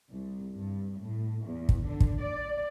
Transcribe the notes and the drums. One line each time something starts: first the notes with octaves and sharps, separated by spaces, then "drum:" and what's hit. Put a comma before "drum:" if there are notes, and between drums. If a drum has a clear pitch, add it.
C2
G2
A2
E2
drum: kick
D3
drum: kick
D5